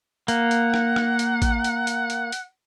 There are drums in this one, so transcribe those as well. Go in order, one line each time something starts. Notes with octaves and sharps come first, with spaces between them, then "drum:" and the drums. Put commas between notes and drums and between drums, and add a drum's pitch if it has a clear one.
A#3 F#5, drum: hi-hat
drum: hi-hat
drum: rim click
drum: rim click
drum: hi-hat
drum: kick A1, hi-hat
drum: hi-hat
drum: hi-hat
drum: hi-hat
drum: hi-hat